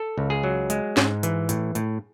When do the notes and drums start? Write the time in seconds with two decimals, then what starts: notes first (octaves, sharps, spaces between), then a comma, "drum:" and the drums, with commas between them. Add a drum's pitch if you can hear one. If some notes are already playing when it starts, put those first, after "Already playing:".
Already playing: A4
0.18 C#2
0.30 G#4
0.43 F#3
0.70 G#3, drum: hi-hat
0.97 G#2, drum: snare
1.23 E3, drum: hi-hat
1.49 A2, drum: hi-hat
1.75 A2, drum: hi-hat